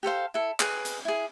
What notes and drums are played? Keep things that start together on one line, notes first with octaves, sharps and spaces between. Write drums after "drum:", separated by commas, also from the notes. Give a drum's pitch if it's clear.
G4 A4 C5 F5
E4 A4
G#4 B4, drum: clap
drum: hi-hat
E4 G#4